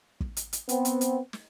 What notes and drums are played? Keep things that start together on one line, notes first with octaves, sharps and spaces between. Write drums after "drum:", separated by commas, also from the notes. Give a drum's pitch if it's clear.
drum: kick
drum: hi-hat
drum: hi-hat
B3 C4, drum: hi-hat
drum: hi-hat
drum: hi-hat
drum: snare